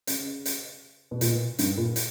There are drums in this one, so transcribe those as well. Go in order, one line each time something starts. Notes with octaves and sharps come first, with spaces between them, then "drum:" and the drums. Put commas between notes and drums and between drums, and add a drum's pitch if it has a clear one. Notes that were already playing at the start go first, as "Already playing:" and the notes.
C#3, drum: hi-hat
drum: hi-hat
B2
A#2, drum: hi-hat
G2, drum: hi-hat
A#2
drum: hi-hat